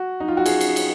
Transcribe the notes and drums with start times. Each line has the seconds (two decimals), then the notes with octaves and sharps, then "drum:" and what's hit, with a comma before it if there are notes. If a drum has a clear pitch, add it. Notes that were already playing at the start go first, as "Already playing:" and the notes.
Already playing: F#4
0.20 D#4
0.28 F4
0.37 F#4
0.46 G#4, drum: cymbal
0.61 drum: cymbal
0.76 drum: cymbal